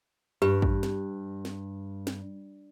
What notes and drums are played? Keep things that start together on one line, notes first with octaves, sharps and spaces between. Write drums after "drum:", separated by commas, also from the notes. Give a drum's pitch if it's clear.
G2 G4 B4
drum: kick
drum: snare
drum: snare
drum: snare